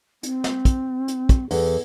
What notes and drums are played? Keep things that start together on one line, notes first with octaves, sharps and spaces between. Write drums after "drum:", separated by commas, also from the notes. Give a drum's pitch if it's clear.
C4, drum: hi-hat
drum: snare
drum: kick, hi-hat
drum: hi-hat
drum: kick, hi-hat
E2 A4, drum: open hi-hat